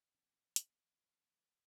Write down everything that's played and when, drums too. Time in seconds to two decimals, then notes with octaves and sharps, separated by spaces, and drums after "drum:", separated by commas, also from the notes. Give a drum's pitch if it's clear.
0.14 B2 F3 C4 C#4
0.56 drum: hi-hat